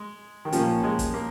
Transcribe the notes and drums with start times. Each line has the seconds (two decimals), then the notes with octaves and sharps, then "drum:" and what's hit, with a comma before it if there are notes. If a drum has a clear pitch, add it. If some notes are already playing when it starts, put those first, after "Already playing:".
Already playing: G#3
0.45 D#3
0.52 A#2 F3 A#3 C#4, drum: hi-hat
0.84 G#3
0.99 drum: kick, hi-hat
1.14 A#3